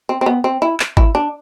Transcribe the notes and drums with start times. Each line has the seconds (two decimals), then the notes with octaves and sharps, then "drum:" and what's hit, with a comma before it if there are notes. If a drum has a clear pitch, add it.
0.09 C4
0.21 C4
0.26 B3
0.44 C4
0.62 E4
0.80 drum: clap
0.97 E4, drum: kick G#1
1.15 D4